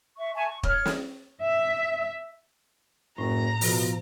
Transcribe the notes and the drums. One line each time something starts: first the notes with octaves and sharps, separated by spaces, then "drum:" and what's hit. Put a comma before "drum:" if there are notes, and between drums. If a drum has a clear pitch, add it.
E5 C#6
E5 G#5 A5 C#6
C#6
C#5 F6, drum: kick
drum: snare
E5
F#1 A2 A#5
B2 F3, drum: open hi-hat